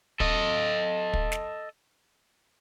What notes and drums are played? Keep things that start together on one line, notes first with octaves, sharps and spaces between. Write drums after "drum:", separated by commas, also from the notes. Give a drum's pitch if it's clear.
A4 D#5, drum: kick
drum: kick
drum: snare